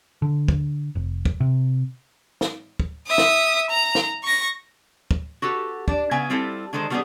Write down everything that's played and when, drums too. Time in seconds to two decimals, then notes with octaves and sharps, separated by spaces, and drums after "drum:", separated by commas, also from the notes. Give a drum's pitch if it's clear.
0.22 D3
0.48 drum: kick
0.95 F1
1.25 drum: kick
1.40 C3
2.41 drum: snare
2.80 drum: kick
3.07 E5 D#6
3.18 drum: snare
3.70 A#5
3.95 drum: snare
4.24 C#6 A#6
5.11 drum: kick
5.42 F#4 G4 A4 B4
5.88 D4 D5, drum: kick
6.11 C#3 B3 E5 G#5
6.30 G3 C4 E4 F4 A4
6.73 D3 D#3 G#3 A4 C5
6.90 D#3 G3 B3 C#4 G4 G#4